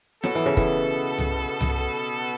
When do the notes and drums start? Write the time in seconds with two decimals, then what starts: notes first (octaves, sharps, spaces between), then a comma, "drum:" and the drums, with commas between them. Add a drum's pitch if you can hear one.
0.24 B2 F#3 B3 A4, drum: snare
0.35 E3
0.46 C#3
0.57 E3, drum: kick
1.18 drum: tom C2
1.61 drum: tom C2